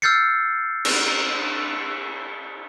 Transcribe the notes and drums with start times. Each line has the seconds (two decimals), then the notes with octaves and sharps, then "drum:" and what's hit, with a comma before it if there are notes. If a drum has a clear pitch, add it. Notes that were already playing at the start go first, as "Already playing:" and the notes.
0.02 E6 F6 G6 A6 C7 C#7
0.85 drum: cymbal